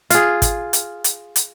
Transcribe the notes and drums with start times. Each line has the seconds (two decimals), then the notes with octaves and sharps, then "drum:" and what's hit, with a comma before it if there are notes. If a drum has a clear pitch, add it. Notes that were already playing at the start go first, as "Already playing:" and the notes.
0.10 F4 G#4, drum: hi-hat
0.42 drum: kick, hi-hat
0.73 drum: hi-hat
1.04 drum: hi-hat
1.36 drum: hi-hat